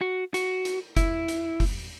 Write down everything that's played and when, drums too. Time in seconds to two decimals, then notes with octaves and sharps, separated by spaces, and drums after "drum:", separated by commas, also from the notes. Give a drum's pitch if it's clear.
0.01 F#4
0.34 F#4, drum: hi-hat
0.65 drum: hi-hat
0.96 E4, drum: kick F#1, hi-hat
1.28 drum: hi-hat
1.60 drum: kick F#1, open hi-hat